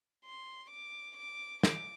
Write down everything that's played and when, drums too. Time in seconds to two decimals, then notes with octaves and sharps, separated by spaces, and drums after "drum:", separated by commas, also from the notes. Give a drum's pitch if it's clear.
0.25 C6
0.70 D6
1.17 D6
1.63 D6, drum: snare